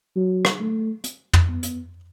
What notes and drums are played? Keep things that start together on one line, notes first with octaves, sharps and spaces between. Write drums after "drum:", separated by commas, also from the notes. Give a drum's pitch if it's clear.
F#3
drum: rim click
A3
drum: hi-hat
drum: tom
B3
drum: hi-hat